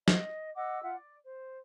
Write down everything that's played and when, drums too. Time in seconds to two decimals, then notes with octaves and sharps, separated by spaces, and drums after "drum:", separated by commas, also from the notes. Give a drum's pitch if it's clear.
0.08 D#5, drum: snare
0.55 D#5 F#5 D6 E6
0.82 F4 E5 F#5
0.94 D5
1.24 C5